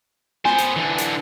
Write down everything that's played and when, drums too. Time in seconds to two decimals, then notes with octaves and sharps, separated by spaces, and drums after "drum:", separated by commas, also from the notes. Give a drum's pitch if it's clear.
0.45 B3 C5 G#5, drum: snare
0.58 drum: hi-hat
0.76 D3 E3
0.98 drum: hi-hat